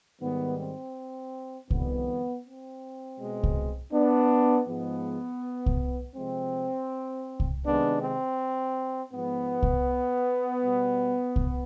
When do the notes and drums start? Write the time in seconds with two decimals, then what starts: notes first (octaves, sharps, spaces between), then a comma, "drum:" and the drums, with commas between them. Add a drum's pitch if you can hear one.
0.21 G#2 D#3 G3 B3
0.59 C4
1.70 F2 D#3 G3 B3, drum: kick C2
2.44 C4
3.19 B2 G#3
3.43 drum: kick C2
3.92 B3 D4
4.67 G#2 F3 G#3 B3
5.66 drum: kick C2
6.15 C3 F3 G#3 C4
7.40 drum: kick C2
7.64 C3 D#3 G#3 B3 D4
8.02 C4
9.13 G#2 F3 G#3 B3
9.63 drum: kick C2
10.62 B2 G3
11.36 drum: kick C2